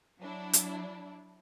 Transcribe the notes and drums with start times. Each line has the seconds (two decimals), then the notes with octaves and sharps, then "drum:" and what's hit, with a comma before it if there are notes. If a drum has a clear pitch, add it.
0.19 F#3 D4 E4
0.53 drum: hi-hat